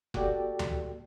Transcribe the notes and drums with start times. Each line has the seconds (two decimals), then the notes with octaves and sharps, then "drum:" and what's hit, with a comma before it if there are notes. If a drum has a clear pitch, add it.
0.14 A#3 F#4 G4 A4 D5 G5, drum: kick F1
0.59 drum: tom D2